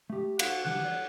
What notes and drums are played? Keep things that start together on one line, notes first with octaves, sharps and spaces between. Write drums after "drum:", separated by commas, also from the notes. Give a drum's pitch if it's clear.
A3 G4
F#4 C5 F5 F#5, drum: cymbal
D3 E3 G3 F#5
C#5 D5